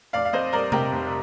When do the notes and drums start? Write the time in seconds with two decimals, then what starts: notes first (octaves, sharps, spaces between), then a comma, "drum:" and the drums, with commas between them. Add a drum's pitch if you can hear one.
0.13 F1 D5 F5
0.25 F5
0.33 F2 C5 D#5
0.53 G3 A#4 D5
0.72 C3 G4 A#4, drum: tom C3
0.92 F1